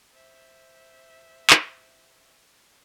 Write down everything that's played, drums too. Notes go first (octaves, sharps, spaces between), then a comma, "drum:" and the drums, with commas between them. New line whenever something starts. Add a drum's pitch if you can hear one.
C5 E5
drum: clap